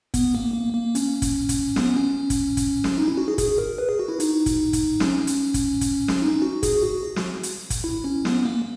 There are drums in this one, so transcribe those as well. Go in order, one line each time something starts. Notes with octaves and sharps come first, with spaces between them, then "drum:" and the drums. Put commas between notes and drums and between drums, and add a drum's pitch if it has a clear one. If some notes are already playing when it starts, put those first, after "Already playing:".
B3, drum: kick, hi-hat
A#3
A#3
A#3
C#4, drum: hi-hat
drum: kick, hi-hat
drum: kick, hi-hat
B3, drum: snare
C#4
drum: kick, hi-hat
drum: kick, hi-hat
drum: snare
D#4
E4
F#4
G#4
G#4, drum: kick, hi-hat
A#4
B4
G#4
F#4
E4
D#4, drum: hi-hat
drum: kick, hi-hat
drum: kick, hi-hat
C#4, drum: snare
drum: hi-hat
drum: kick, hi-hat
drum: kick, hi-hat
drum: snare
D#4
F#4
G#4, drum: kick, hi-hat
F#4
drum: snare
drum: hi-hat
drum: kick, hi-hat
E4
C#4
B3, drum: snare
A#3